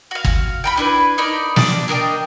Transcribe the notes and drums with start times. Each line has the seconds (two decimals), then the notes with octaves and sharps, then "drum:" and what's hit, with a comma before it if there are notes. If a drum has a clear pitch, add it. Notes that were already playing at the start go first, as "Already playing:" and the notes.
0.11 F#4 F5
0.24 drum: kick
0.64 G5 A#5 B5
0.77 D4 E4 B4
1.18 D#4 A#4 D5 B5
1.56 D4, drum: snare
1.88 D4 A#4 D#5 G5